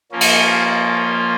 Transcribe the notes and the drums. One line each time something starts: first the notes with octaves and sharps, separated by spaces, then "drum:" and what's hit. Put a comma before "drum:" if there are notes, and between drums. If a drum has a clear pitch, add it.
F3 A#3 C#4 F4
drum: cymbal